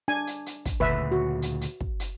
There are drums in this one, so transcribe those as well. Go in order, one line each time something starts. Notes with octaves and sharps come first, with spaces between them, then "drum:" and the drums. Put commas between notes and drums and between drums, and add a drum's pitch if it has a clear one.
D4 G#5
drum: hi-hat
drum: hi-hat
drum: kick, hi-hat
D2 A#2 C#3 B4 E5
F#4
drum: hi-hat
drum: hi-hat
drum: kick
drum: hi-hat